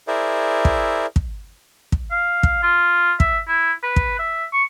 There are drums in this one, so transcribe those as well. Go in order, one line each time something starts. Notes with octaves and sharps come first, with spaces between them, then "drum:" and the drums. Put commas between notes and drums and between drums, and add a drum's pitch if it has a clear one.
E4 G#4 A#4 C5 D5 E5
drum: kick
drum: kick
drum: kick
F5
drum: kick
F4
E5, drum: kick
E4
B4
drum: kick
E5
C#6